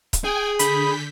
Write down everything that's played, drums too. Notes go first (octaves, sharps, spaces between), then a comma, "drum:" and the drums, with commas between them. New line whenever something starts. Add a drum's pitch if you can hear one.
drum: kick C#1, hi-hat
G#4 G5 G#5
D3 B5 G6 B6, drum: hi-hat